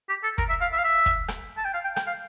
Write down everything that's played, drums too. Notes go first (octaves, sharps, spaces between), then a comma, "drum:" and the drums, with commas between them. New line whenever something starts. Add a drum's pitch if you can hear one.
G4
A4
A#4, drum: kick
E5
F5
E5
F5
E5
drum: kick
drum: rim click
A5
G5
F5
G5
G5, drum: rim click
F5